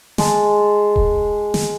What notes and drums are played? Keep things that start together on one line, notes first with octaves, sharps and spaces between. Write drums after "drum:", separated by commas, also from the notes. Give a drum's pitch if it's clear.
G#3 A5, drum: snare
drum: kick D#1
drum: snare